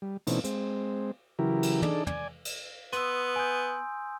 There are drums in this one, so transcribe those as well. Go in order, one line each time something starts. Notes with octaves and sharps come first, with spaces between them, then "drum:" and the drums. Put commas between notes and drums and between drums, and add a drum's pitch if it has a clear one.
G3
B2 E3 A3 C4 C#4 D#4, drum: cymbal
G#3 C4, drum: hi-hat
C#3 E3 F#3 E4 G4 A#4
drum: cymbal
D4 D#4 G#4 A4 D5, drum: tom
D5 G#5, drum: tom
drum: cymbal
B3 C6 D#6 E6, drum: hi-hat
G#5 G6